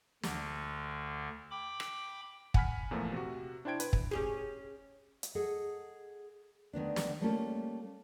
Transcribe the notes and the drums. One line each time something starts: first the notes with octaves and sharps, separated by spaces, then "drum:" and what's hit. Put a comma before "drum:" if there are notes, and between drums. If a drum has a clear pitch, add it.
D2 D3, drum: snare
G5 B5 D6
drum: rim click
F#5 G#5 B5 F6 B6, drum: kick
E2 A#2 F3 A3
C3 F#4
D4 E4 C5 G5 G#6 D7
B4, drum: hi-hat
drum: kick
C#4 G4 G#4
drum: hi-hat
G#4 A4 D#5 F#5
D2 D#3 B3 D4
drum: snare
G3 A3 A#3 C#4 F4 A4